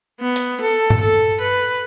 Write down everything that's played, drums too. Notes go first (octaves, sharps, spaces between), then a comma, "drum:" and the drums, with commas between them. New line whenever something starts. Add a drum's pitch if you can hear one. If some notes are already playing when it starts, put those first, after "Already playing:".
B3
drum: hi-hat
A4
drum: tom G2
A4
B4